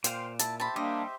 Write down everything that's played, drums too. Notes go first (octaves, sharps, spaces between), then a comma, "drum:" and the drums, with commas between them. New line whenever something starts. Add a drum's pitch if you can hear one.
A#2 C5 F5 G5 C6 D6, drum: hi-hat
E4 A5, drum: hi-hat
G4 C5 E5 A5 B5
G3 A#3 D4 D#5